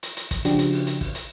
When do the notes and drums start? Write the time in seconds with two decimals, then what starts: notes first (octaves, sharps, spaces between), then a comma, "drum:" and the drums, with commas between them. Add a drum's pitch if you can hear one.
0.03 drum: hi-hat
0.17 drum: hi-hat
0.31 drum: kick, hi-hat
0.45 C#3 F3 D4 F#4 G4, drum: hi-hat
0.59 drum: hi-hat
0.73 drum: open hi-hat
0.87 drum: hi-hat
1.01 drum: kick, open hi-hat
1.15 drum: hi-hat